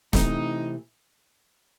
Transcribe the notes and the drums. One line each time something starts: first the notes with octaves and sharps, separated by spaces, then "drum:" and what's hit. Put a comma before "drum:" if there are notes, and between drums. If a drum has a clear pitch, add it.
C3 E3 A3 C4 D#4, drum: snare